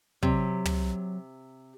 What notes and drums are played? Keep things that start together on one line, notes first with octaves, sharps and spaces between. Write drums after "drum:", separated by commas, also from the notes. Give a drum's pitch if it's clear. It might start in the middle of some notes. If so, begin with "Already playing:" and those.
C3 F#3, drum: kick
drum: tom